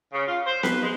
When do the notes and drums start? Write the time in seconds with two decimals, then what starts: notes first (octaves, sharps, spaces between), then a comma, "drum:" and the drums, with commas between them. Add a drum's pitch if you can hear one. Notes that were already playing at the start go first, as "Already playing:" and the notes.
0.12 C#3
0.26 F4
0.46 C5
0.63 B4, drum: snare B3
0.83 G#3